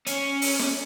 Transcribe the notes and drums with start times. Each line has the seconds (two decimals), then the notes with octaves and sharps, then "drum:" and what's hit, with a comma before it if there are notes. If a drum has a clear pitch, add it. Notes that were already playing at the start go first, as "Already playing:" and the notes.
0.06 C#4, drum: hi-hat
0.42 drum: open hi-hat
0.59 drum: snare